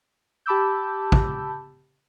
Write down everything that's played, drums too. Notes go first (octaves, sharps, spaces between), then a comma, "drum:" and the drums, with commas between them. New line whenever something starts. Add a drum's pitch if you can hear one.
G4 A5 B5 D6 E6 G6
drum: kick